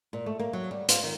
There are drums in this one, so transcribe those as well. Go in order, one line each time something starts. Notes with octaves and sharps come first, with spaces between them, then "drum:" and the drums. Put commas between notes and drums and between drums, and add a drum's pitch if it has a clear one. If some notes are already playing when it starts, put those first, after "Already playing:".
A#2
A3
A#3
F#3
G3
F4, drum: hi-hat
D#3